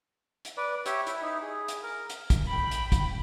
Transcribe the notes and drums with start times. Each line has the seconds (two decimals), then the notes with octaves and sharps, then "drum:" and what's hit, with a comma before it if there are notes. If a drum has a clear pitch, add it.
0.45 drum: hi-hat
0.57 B4 D5
0.86 G4 C#5 E5, drum: hi-hat
1.07 E4, drum: hi-hat
1.22 D#4 E4
1.42 G#4
1.68 drum: hi-hat
1.83 A#4
2.10 drum: hi-hat
2.30 drum: kick, hi-hat
2.47 G5 B5
2.71 drum: hi-hat
2.92 drum: kick, hi-hat